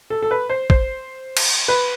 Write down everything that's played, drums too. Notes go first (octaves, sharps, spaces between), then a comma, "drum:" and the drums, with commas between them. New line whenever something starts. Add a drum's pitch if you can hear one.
A4
A4
B4
C5
C5, drum: kick A#1
drum: cymbal
B4